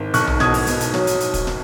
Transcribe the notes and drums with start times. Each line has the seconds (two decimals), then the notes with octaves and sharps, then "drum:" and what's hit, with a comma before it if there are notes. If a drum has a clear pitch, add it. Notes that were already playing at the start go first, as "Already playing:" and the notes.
Already playing: G#1
0.14 B1 C#6 F#6, drum: hi-hat
0.27 drum: tom B1
0.40 B2 D#6 G#6, drum: snare
0.54 drum: open hi-hat
0.67 B2, drum: hi-hat
0.80 drum: hi-hat
0.94 F#3, drum: snare
1.07 drum: hi-hat
1.20 drum: hi-hat
1.34 drum: kick, hi-hat
1.47 drum: snare